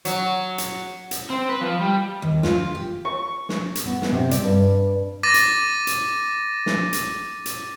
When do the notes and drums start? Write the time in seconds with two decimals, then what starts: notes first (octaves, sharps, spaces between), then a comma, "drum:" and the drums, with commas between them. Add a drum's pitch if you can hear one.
0.05 F#3, drum: hi-hat
0.58 drum: hi-hat
1.11 drum: hi-hat
1.30 C4
1.49 B4
1.61 F3
1.81 G3
2.22 D#2
2.43 F4, drum: snare
2.75 G4
3.05 C#6
3.49 drum: snare
3.75 drum: hi-hat
3.86 B3
4.02 drum: snare
4.12 C3
4.31 D5, drum: hi-hat
4.44 G2
5.23 D6 A6 A#6 D#7
5.34 drum: hi-hat
5.87 drum: hi-hat
6.66 drum: snare
6.93 drum: hi-hat
7.46 drum: hi-hat